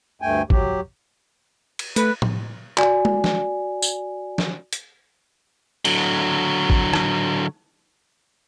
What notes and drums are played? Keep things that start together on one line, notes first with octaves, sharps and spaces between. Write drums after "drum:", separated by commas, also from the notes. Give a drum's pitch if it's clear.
D2 G2 A3 G5 G#5
F#3 G4, drum: kick
drum: cymbal
A3 B4, drum: hi-hat
drum: tom A2
F#4 D5 G#5, drum: clap
drum: tom G#3
drum: snare
drum: tambourine
drum: snare
drum: hi-hat
D3 F#3, drum: cymbal
drum: kick
drum: rim click